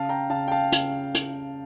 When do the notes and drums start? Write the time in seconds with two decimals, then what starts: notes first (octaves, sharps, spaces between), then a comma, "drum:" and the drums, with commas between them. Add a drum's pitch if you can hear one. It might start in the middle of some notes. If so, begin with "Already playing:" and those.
Already playing: C#3 F5 A5
0.09 G5 A#5
0.30 C#3 F5 A5
0.48 G5
0.52 F5 A5
0.72 C#3, drum: hi-hat
1.15 drum: hi-hat